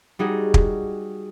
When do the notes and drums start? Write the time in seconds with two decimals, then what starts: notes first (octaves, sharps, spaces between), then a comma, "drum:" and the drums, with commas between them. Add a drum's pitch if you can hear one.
0.19 G3 D#4 F#4 G#4
0.54 drum: kick